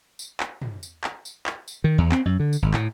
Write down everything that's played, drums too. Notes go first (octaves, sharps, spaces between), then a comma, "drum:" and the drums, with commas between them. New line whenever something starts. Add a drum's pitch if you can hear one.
drum: tambourine
drum: clap
drum: tom
drum: tambourine
drum: clap
drum: tambourine
drum: clap
drum: tambourine
D#3
E2
C4, drum: clap
F#2
D3
drum: tambourine
G#1
A2, drum: clap